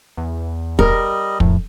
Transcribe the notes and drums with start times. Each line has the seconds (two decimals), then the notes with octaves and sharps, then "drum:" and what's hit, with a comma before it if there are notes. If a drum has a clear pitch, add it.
0.17 E2
0.79 G3 A#4 D#5, drum: kick
1.40 F2 A2, drum: kick